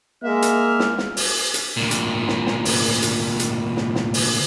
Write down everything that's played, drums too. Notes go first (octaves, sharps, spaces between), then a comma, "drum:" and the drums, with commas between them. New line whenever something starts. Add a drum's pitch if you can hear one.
G#3 A#3 E5 F6
drum: hi-hat
drum: snare
drum: snare
drum: open hi-hat
drum: hi-hat
D2 A#2
drum: hi-hat
drum: snare
drum: snare
drum: open hi-hat
drum: hi-hat
drum: hi-hat
drum: snare
drum: snare
drum: open hi-hat